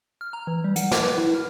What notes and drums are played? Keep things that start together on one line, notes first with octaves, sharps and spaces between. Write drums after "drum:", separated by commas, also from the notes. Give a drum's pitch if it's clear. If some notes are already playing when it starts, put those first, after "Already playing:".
F6
A#5
E3
G3
F#5, drum: hi-hat
D6, drum: snare
B4
E4
F6